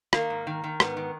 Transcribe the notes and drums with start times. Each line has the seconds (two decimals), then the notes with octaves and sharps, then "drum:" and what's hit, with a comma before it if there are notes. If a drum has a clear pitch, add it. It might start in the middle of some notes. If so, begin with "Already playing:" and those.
0.13 D#3 A#3, drum: rim click
0.30 G#2
0.47 D#3
0.64 D#3
0.80 G#2 B3, drum: rim click
0.97 D#3